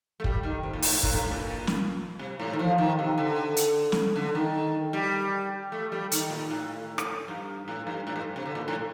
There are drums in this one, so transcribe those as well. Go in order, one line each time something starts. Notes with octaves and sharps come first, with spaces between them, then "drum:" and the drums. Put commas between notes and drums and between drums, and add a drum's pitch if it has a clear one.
A3
G3, drum: kick
D#3
C3
A#2
A2, drum: open hi-hat
A2
A2, drum: kick
G2
A2
A#2
drum: snare
C3
A2
D#3
F3
D#3
C3
D3
drum: hi-hat
drum: snare
D3
D#3
G3
A3
G3
D#3, drum: hi-hat
A#2
A2
drum: rim click
G2
A2
G2
A2
G2
C3
D3
A#2
A2